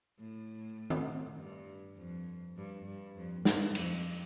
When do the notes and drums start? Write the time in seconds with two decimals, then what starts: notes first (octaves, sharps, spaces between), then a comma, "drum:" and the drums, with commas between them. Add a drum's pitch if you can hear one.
0.18 A2
0.90 drum: tom D#3
1.37 G2
1.96 F2
2.56 G2
2.85 G2
3.15 F2
3.45 G2, drum: snare
3.75 F2, drum: cymbal